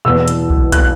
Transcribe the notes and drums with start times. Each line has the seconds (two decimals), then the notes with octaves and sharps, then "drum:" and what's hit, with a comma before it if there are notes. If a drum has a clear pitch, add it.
0.05 E2 B2 E6
0.28 drum: hi-hat
0.50 drum: kick
0.72 F#6, drum: kick, hi-hat